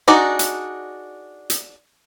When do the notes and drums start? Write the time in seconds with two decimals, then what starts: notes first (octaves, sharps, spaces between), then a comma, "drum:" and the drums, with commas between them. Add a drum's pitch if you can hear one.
0.08 D4 D#4 F#4 G#4 D5
0.39 drum: hi-hat
1.50 drum: hi-hat